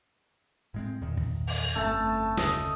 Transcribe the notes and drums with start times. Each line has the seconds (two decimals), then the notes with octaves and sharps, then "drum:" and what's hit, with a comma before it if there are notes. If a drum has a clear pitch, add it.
0.74 A2 G#3 C4
1.01 E2 A#2 D#3
1.17 drum: kick
1.47 drum: open hi-hat
1.75 G1 F2 A3 C#4 A5
2.37 F1 D2 C#3 D#5, drum: snare